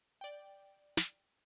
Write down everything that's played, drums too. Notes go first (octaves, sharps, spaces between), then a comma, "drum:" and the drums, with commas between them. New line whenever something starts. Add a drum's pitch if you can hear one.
D5 G5
drum: snare